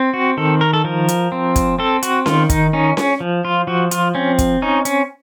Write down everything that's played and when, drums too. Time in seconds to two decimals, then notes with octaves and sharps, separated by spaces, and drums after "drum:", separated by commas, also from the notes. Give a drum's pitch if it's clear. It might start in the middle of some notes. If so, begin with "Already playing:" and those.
Already playing: C4
0.14 F#4
0.37 D#3 A4
0.61 A#4
0.73 A4
0.84 F3 A#4
1.08 drum: hi-hat
1.32 C4
1.56 drum: kick, hi-hat
1.79 C4 A4
2.03 F#4, drum: hi-hat
2.26 D#3 F4, drum: snare C#4
2.50 D#4, drum: kick, hi-hat
2.73 C#4 D#4
2.97 C#4, drum: snare C#4
3.20 F3
3.45 F4
3.67 F3 F#4
3.91 F4, drum: hi-hat
4.15 C4 C#4
4.38 drum: kick, hi-hat
4.62 C#4 D#4
4.85 C#4, drum: hi-hat